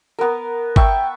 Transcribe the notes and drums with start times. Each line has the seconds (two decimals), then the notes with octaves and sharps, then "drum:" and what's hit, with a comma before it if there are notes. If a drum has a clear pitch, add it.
0.19 B3 A#4
0.76 E5 G5 A5 C#6, drum: kick